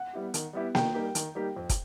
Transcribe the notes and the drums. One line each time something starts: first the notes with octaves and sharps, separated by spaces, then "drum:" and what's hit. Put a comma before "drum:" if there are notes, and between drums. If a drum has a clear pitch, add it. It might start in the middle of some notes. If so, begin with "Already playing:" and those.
Already playing: F#5
G3 B3 E4 G4
D#3, drum: hi-hat
G3 B3 E4 G4
D#3 G5, drum: snare A#3
G3 A#3 D#4 G4
D#3, drum: hi-hat
G3 A#3 D#4 G4
F2
drum: kick, hi-hat